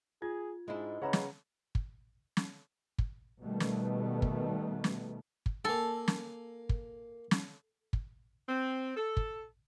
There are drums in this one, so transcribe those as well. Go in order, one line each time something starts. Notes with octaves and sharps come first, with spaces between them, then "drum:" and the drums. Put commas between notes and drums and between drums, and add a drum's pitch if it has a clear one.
F4 G#4 G#6
G#2 G#3 D4 E4
C#3 G#4 B4 C#5 F#5 A#5 B5
drum: snare
drum: kick
drum: snare
drum: kick
B2 D#3 G3 A3 B3
drum: snare
drum: kick
drum: snare
drum: kick
A#3 A4 G#5
drum: snare
drum: kick
drum: snare
drum: kick
C4
A4
drum: kick